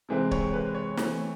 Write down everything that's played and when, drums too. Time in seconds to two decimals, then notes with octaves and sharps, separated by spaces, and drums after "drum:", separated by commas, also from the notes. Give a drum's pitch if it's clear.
0.09 C3 E3 G#3 C4
0.31 C#5, drum: kick D1
0.54 B4
0.74 C#5
0.97 E3 A3 C4, drum: snare